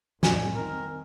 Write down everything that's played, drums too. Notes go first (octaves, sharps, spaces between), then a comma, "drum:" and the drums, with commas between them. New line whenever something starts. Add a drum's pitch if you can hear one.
C2 F2 A2 C4 G#5, drum: snare
D#3 A#4